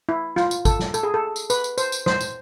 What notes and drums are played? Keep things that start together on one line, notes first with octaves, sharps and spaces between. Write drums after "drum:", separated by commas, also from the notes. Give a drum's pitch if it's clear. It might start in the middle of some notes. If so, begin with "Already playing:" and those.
E4
F4, drum: snare
drum: tambourine
A4, drum: kick G#1, tambourine
drum: snare
A4, drum: tambourine
G#4
A4
drum: tambourine
B4, drum: tambourine
drum: tambourine
C5, drum: tambourine
drum: tambourine
C5, drum: snare
drum: tambourine